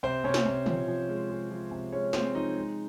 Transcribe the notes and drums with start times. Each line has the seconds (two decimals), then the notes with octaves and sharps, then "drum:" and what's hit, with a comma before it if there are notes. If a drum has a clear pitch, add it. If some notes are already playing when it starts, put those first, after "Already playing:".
0.03 C3 C4 C5
0.24 C3 C#4 C#5
0.34 drum: snare
0.45 C3
0.66 F3, drum: tom
0.88 F3
1.08 G#3
1.30 G#3
1.51 F3
1.71 C3
1.92 G#3 C#4 C#5
2.13 G#3 C4 C5, drum: snare
2.34 F3 D#4 D#5
2.56 G#3